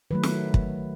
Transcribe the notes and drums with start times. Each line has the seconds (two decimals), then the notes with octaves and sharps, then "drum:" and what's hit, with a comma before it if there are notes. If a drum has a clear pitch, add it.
0.11 D#3 F#3 A3 B4
0.23 drum: snare
0.54 drum: kick